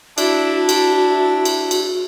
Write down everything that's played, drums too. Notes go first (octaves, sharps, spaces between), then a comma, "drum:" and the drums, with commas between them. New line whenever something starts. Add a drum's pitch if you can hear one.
D4 E4 F#4, drum: cymbal
drum: cymbal
drum: cymbal
drum: cymbal